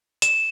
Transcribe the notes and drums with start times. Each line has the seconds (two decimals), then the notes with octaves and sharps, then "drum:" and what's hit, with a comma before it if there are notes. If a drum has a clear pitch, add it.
0.22 E7, drum: hi-hat